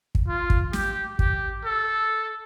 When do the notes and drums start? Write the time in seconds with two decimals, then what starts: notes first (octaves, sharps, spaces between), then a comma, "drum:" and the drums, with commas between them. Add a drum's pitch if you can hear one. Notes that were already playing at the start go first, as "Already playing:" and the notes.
0.15 drum: kick
0.28 F4
0.50 drum: kick
0.73 G4, drum: snare
1.19 G4, drum: kick
1.65 A4